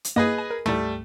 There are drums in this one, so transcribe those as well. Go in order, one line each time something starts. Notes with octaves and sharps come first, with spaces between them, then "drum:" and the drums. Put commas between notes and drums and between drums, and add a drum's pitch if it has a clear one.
drum: hi-hat
G2 A#3 G#4 B4 D#5
G#5
A#4
G3 A3, drum: tom